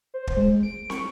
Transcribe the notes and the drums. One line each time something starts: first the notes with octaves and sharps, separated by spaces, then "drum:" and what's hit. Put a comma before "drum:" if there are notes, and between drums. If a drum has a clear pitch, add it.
C5
drum: kick
G#3
D7
C#6, drum: snare